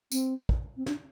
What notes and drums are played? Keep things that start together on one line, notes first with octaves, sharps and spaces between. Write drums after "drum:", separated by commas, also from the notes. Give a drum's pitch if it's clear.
C4, drum: tambourine
drum: kick
C4
D4, drum: snare